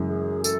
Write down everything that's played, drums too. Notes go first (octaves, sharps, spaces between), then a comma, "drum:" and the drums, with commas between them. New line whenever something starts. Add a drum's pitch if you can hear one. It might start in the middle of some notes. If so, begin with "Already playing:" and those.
Already playing: F#2 C#3 E3 G#3
G#4
A4, drum: tambourine